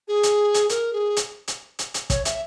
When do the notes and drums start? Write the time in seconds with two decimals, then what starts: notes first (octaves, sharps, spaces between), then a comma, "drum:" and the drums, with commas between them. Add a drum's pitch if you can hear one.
0.08 G#4
0.23 drum: hi-hat
0.54 drum: hi-hat
0.69 A#4, drum: hi-hat
0.93 G#4
1.17 drum: hi-hat
1.48 drum: hi-hat
1.79 drum: hi-hat
1.94 drum: hi-hat
2.10 C#5, drum: kick, hi-hat
2.25 E5, drum: hi-hat